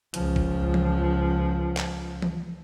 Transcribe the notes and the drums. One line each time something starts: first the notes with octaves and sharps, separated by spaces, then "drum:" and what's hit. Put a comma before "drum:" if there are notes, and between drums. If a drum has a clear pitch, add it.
C#2 F3, drum: hi-hat
drum: kick
drum: tom E3
drum: clap
drum: tom E3